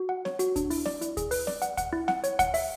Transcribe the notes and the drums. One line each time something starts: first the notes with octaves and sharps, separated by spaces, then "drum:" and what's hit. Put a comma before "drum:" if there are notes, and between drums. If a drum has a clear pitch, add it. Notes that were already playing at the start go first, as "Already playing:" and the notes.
Already playing: F#4
F#5
C#5, drum: snare C4
F#4, drum: hi-hat
D4, drum: kick D2, hi-hat
E4, drum: open hi-hat
D5, drum: snare C4
E4, drum: hi-hat
G#4, drum: kick D2, hi-hat
B4, drum: open hi-hat
D5, drum: snare C4
F#5, drum: hi-hat
F#5, drum: kick D2, hi-hat
E4
F#5, drum: snare C4
C#5, drum: hi-hat
F#5, drum: kick D2, hi-hat
E5, drum: open hi-hat